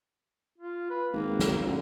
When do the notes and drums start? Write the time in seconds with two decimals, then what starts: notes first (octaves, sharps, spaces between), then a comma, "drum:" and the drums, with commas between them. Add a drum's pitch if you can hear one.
0.58 F4
0.90 B4
1.13 G#1 A#3
1.39 drum: snare
1.66 A1 D3